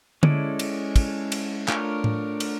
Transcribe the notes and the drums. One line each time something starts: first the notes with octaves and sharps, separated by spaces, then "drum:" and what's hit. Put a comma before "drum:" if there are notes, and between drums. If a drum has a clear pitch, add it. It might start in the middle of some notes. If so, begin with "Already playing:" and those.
G#3 C#4 E4 A4 D5, drum: tom D3
drum: cymbal
drum: kick, cymbal
drum: cymbal
A3 D4 F4 A#4 C#5, drum: clap
drum: tom A2
drum: cymbal